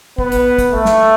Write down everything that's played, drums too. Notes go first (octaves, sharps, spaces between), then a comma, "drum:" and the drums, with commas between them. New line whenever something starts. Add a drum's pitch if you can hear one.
B3, drum: kick
drum: hi-hat
drum: kick, hi-hat
A3
drum: snare